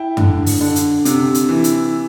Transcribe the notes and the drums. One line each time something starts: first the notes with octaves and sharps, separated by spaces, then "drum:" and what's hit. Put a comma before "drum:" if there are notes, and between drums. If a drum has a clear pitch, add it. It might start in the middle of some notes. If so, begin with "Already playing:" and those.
Already playing: E4 G5
D3, drum: tom F#2
drum: open hi-hat
D3
drum: hi-hat
C3, drum: hi-hat
drum: hi-hat
E3
drum: hi-hat